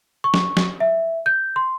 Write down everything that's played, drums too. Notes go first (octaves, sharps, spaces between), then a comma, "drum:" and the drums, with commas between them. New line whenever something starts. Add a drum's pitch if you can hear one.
C#6
drum: snare
drum: snare
E5
G6
C6